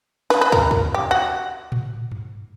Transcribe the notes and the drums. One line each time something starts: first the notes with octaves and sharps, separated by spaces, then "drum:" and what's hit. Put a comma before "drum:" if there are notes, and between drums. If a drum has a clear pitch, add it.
B4, drum: snare
B4
A#4, drum: kick
drum: kick
G4
F#4
drum: tom A2
drum: tom G2